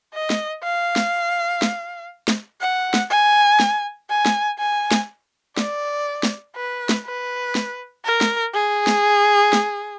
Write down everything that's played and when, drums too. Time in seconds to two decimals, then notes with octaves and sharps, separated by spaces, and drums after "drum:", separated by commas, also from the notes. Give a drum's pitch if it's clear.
0.14 D#5
0.30 drum: snare
0.63 F5
0.96 drum: snare
1.62 drum: snare
2.28 drum: snare
2.61 F#5
2.94 drum: snare
3.10 G#5
3.60 drum: snare
4.10 G#5
4.26 drum: snare
4.59 G#5
4.91 drum: snare
5.57 D5, drum: snare
6.23 drum: snare
6.56 B4
6.89 drum: snare
7.06 B4
7.55 drum: snare
8.05 A#4
8.21 drum: snare
8.54 G#4
8.87 drum: snare
9.53 drum: snare